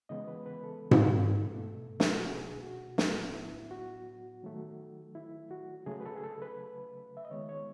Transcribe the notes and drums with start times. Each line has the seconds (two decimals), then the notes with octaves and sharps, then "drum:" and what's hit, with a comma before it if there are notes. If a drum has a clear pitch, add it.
0.09 C#3 E3 G#3 B3 D#5
0.28 B4
0.46 B4
0.63 A4
0.91 drum: tom G#2
1.54 B2 A3
2.00 E4, drum: snare
2.13 F#4
2.26 G#4
2.62 F#4
2.98 A2 F#3 B3, drum: snare
3.34 E4
3.71 F#4
4.43 D#3 F#3 A3
5.15 E4
5.51 F#4
5.86 C#3 F#3 A3 G#4
6.00 B4
6.06 A4
6.16 G#4
6.24 A4
6.42 B4
7.17 E5
7.25 D#5
7.31 D#3 G#3 B3 C#5
7.49 C#5